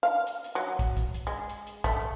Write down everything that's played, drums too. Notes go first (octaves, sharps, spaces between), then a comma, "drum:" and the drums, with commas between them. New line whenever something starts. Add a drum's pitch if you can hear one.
F5
drum: hi-hat
drum: hi-hat
F#3
drum: kick, hi-hat
drum: kick, hi-hat
drum: hi-hat
G#3
drum: hi-hat
drum: hi-hat
A3, drum: kick, hi-hat